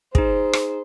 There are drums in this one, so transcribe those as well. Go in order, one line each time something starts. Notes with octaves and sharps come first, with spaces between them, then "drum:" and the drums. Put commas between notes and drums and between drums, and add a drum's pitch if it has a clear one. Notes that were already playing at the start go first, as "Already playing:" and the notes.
D#4 G#4 C5, drum: kick
drum: rim click